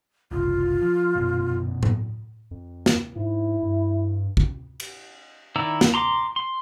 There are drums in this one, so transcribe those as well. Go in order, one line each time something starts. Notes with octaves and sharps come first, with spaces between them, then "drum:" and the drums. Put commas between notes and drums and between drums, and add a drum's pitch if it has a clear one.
F#1 C2 F4
F3
A#1 F#2 B2
drum: tom A2
F2
drum: snare
G#2 E4
G2
drum: kick
drum: cymbal
D#3 E4 D5 A#5 E6
drum: snare
A#5 C6 D6
C6